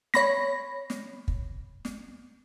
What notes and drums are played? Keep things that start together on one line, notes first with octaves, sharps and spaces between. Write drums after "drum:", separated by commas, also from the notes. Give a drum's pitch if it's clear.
C#5 B5 A#6, drum: snare
drum: snare
drum: kick
drum: snare